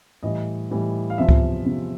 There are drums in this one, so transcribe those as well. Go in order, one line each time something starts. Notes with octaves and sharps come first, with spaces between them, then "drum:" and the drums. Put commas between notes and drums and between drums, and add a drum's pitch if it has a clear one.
A2 E3 G3 D#5
A2 E3 G3
F5
E2 C3 F3 E5
drum: kick C#2
E2 C3 F3